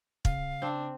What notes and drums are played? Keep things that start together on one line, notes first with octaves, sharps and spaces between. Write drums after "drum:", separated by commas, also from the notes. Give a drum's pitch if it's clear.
C#3 F5, drum: kick
C4 D4